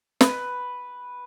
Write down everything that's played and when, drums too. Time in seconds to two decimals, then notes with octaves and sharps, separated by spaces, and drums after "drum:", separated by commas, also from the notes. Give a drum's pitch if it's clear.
0.21 B4, drum: snare